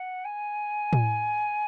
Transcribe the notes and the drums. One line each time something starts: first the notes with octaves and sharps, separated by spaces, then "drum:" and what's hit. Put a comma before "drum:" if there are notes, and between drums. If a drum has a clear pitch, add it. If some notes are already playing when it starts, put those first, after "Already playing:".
Already playing: F#5
G#5
drum: tom A2